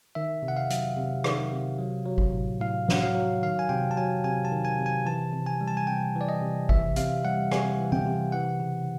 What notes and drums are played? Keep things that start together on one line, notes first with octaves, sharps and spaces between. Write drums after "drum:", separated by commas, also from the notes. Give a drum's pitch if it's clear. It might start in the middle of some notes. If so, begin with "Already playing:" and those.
D#3 E5
C3
F#5
F5
F#3, drum: hi-hat
C3
D#3, drum: rim click
C3
F#3
F#3
drum: kick G#1
A2
A2 F5
F#3 F#5, drum: snare
F5
F#3
D#3 F5
G#5
C3 G5
A5
F#3 G#5
C3 G#5
A5
D#3
G#5
C3
G#5
E3 A5
C3
G#5
G3
A5
G#5
C3 G5
E3
D5
D#5
C3
E3 E5, drum: kick G#1
C3 F5, drum: hi-hat
G3 F#5
C3 G#5, drum: rim click
E3
G5, drum: tom E3
C3
E3 F#5
C#3